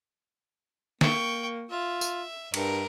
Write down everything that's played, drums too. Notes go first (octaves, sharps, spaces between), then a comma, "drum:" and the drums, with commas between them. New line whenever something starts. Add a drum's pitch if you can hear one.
A#3 G5 C#6, drum: snare
F4 E5
drum: tambourine
G2 A#4, drum: cymbal